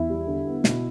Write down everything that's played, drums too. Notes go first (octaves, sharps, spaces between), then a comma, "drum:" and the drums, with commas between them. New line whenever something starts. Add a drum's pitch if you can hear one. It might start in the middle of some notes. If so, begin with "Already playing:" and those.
Already playing: E2 E4
G3
D3
B3
B2, drum: snare